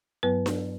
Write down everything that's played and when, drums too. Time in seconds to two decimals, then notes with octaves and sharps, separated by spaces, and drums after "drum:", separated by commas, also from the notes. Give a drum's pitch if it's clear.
0.23 G2 F#3 B3 B4
0.46 drum: snare D4